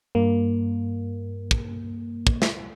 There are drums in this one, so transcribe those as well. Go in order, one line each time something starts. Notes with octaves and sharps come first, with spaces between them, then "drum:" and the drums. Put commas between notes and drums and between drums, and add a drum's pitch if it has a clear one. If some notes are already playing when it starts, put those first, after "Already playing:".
G2 A#3
drum: kick
drum: kick
drum: snare